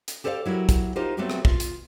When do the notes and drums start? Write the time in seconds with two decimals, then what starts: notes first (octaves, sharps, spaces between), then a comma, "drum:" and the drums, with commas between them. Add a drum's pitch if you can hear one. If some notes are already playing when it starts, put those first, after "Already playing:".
0.08 drum: hi-hat
0.24 G4 A4 C5 D5 D#5 F5
0.45 F#3 E4 G4 A#4
0.69 drum: kick, hi-hat
0.96 D#4 F4 G4 A#4 C5
1.17 F#3 A3 B3 C4 F#4 G4
1.30 drum: rim click
1.45 F4, drum: kick
1.60 drum: hi-hat